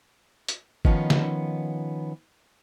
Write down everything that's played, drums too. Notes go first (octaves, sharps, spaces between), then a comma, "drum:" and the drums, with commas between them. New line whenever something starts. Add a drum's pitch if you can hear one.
drum: hi-hat
D#3 F3 B3 C#4 D#4 F4, drum: kick
drum: snare